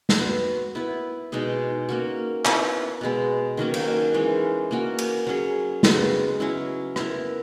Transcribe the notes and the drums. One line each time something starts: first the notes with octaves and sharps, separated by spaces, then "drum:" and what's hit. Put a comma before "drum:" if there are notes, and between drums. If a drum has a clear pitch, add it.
drum: snare
B3 F#4 B4
B3 E4 B4
B2 G#3 D#4 G#4
A#3 C#4 F#4
B3 E4 B4, drum: clap
B2 G#3 B3
D#3 F#3 A#3 C#4
drum: cymbal
E3 G#3 C#4
A#3 C#4 F#4
drum: cymbal
F#3 C#4 G#4
C#3 G#3 B3 F#4, drum: snare
F#3 C#4 E4
B3 E4 A#4, drum: rim click